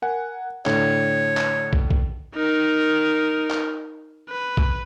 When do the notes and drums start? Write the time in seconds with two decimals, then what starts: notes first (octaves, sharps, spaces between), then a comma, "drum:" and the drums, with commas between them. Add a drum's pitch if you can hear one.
0.02 A#4 F#5 G#5
0.66 A2 D3 C#5, drum: clap
1.37 drum: clap
1.73 drum: kick
1.90 drum: kick
2.35 D#4 A#4
3.51 drum: clap
4.30 B4
4.57 drum: kick